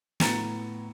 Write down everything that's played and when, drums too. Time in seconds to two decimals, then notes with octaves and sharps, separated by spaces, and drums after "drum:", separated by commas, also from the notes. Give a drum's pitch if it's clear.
0.20 A2 B3 A#5 A6 C#7, drum: snare